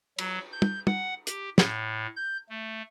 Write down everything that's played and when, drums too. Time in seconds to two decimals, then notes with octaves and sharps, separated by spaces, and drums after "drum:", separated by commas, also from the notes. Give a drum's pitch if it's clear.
0.19 F#3, drum: cymbal
0.52 G6
0.62 drum: tom
0.87 F#5, drum: tom
1.27 G4, drum: hi-hat
1.58 A2, drum: snare
2.16 G6
2.49 A3